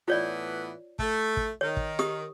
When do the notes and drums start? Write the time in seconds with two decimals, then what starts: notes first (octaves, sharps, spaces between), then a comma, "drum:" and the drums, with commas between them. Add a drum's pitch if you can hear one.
0.08 A2 E3 B3 F4 C#5 D5
0.99 A3, drum: kick
1.37 drum: kick
1.61 D#3 C#5
1.77 drum: kick
1.99 G4 D#6, drum: snare